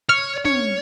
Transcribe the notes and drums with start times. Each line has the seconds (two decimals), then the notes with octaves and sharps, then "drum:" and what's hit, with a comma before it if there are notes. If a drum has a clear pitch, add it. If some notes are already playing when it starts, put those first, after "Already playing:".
0.09 C#5 F6
0.45 C#5, drum: tom